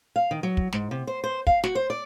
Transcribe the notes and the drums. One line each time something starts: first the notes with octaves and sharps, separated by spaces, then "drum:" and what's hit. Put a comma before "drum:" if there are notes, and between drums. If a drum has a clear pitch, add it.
F5
D#3
F#3
drum: kick
G#2, drum: snare
C3
C5
C5
F5, drum: kick
F#4, drum: snare
C5
D5